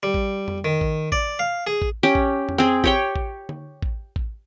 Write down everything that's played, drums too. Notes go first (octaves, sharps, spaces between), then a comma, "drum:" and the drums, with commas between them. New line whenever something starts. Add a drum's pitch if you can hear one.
G3
drum: kick A1
drum: tom F2
D#3
drum: kick A1
D5, drum: kick A1
F5
G#4
drum: kick A1
C#4 G4
drum: kick A1
drum: tom F2
C4 G#4
G4 C#5 G5, drum: kick A1
drum: kick A1
drum: tom D3
drum: kick A1
drum: kick A1